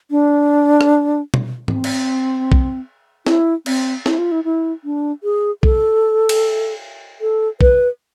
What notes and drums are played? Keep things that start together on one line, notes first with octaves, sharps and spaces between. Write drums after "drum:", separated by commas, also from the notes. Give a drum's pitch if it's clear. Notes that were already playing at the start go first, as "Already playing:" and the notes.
D4
drum: rim click
drum: tom
C4, drum: tom G#2
drum: cymbal
drum: kick B1
E4, drum: snare
C4, drum: cymbal
E4, drum: snare
F4
E4
E4
D4
G#4
A4, drum: kick B1
drum: cymbal
A4
B4, drum: kick B1